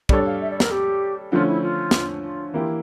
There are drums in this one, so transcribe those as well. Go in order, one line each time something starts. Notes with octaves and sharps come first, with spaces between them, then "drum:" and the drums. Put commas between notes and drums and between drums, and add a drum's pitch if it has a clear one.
G3 D4 A4 C#5 D5, drum: kick
F5
E5
D5
A#4, drum: snare
G4
D3 F3 A3 C#4 F4
E4
F4
drum: snare
F4
E3 A#3 E4 F4 G4